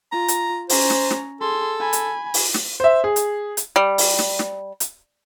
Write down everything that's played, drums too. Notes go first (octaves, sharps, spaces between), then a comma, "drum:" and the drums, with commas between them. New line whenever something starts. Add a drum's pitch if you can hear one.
F4 A#5
drum: hi-hat
C#4 C5 A#5, drum: open hi-hat
drum: snare
drum: snare
G#4 A4 C6
G#5 B5
drum: hi-hat
drum: open hi-hat
drum: snare
C5 E5
G#4
drum: hi-hat
drum: hi-hat
G3
drum: open hi-hat
drum: snare
drum: snare
drum: hi-hat